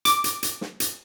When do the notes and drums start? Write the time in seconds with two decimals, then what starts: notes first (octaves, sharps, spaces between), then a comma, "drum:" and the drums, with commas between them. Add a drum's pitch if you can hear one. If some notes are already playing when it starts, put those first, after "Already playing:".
0.05 D6, drum: hi-hat
0.24 drum: hi-hat
0.43 drum: hi-hat
0.61 drum: snare
0.80 drum: hi-hat